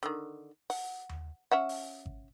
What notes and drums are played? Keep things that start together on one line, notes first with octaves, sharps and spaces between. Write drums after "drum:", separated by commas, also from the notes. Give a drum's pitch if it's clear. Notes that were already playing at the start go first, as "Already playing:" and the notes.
D3 D#3, drum: hi-hat
F#5, drum: open hi-hat
drum: tom D#2
C#4 E5 F#5
drum: open hi-hat
drum: kick G#1